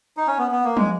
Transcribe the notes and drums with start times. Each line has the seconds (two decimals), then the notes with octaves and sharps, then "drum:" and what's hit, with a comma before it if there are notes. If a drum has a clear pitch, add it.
0.17 D#4
0.27 C#4
0.38 B3
0.51 B3
0.64 A#3
0.77 G#3, drum: tom F3